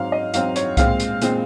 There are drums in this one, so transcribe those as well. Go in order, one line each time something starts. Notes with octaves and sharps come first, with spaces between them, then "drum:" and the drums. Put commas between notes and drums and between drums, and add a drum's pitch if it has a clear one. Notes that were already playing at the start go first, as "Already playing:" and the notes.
Already playing: G#2 F#3 C4 F5
D#5
G#2 F#3 C4 F5, drum: hi-hat
C#5, drum: hi-hat
A#2 G#3 C4 F5, drum: kick C2, hi-hat
drum: hi-hat
A#2 G#3 C4, drum: hi-hat